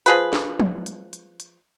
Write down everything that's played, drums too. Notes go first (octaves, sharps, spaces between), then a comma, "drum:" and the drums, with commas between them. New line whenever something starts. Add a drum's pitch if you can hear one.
F3 G#4 B4, drum: hi-hat
drum: snare
drum: tom
drum: hi-hat
drum: hi-hat
drum: hi-hat